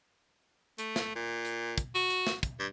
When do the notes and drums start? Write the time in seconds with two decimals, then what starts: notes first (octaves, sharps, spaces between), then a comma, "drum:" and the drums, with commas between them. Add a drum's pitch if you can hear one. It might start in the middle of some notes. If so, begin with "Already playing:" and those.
0.78 A3, drum: hi-hat
0.96 drum: snare
1.15 A#2
1.45 drum: hi-hat
1.78 drum: kick, hi-hat
1.95 F#4
2.10 drum: hi-hat
2.27 drum: snare
2.43 drum: kick, hi-hat
2.59 G2